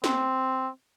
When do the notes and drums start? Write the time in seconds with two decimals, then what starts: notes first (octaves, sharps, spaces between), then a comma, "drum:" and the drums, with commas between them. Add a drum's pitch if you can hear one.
0.04 C4, drum: snare